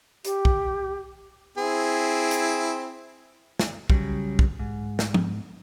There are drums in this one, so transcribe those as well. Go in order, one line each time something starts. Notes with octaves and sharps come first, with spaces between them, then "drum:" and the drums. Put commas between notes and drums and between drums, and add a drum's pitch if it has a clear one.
G4, drum: hi-hat
drum: kick
C4 E4 G#4
drum: hi-hat
drum: snare
C#3 F#3 G3, drum: kick
drum: kick
G#2
drum: snare
drum: tom F3